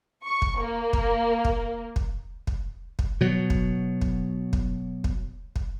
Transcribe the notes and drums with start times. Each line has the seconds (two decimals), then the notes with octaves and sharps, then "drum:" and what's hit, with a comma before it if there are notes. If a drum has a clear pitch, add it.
0.25 C#6
0.42 drum: kick
0.59 A#3
0.93 drum: kick
1.45 drum: kick
1.96 drum: kick
2.47 drum: kick
2.99 drum: kick
3.21 B2 F#3
3.50 drum: kick
4.01 drum: kick
4.53 drum: kick
5.04 drum: kick
5.56 drum: kick